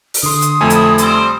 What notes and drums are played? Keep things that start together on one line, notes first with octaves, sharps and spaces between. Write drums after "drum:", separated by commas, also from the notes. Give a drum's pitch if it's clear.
drum: open hi-hat
D3 C6 D#6
drum: hi-hat
F2 A3 E4 G#5
drum: hi-hat
G3 C4 C5, drum: hi-hat